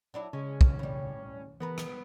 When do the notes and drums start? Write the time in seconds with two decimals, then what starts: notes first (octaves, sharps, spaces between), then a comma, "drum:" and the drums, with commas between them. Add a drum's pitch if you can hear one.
0.14 F#3 D4 E4
0.33 C#3 G#3 C#4
0.61 drum: kick
0.79 A2 G3
1.60 C#3 E3 B3 A#4 B4
1.78 drum: rim click